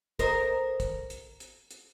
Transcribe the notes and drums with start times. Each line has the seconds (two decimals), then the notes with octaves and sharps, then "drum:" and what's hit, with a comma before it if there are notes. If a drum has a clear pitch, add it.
0.19 A#4 C5 D#5, drum: kick, hi-hat
0.80 drum: kick, hi-hat
1.10 drum: hi-hat
1.40 drum: hi-hat
1.71 drum: hi-hat